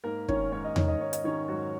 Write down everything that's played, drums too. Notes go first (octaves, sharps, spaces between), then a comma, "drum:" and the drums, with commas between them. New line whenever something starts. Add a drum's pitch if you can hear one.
G#2 A#3 A#4
D#3 C#4 C#5, drum: kick
G#2 C#5
D#5
D#3 C#5, drum: tom E2
D#5
G#2 C#5
D#5, drum: hi-hat
D#3 C#4 C#5
G#2 F#3 F#4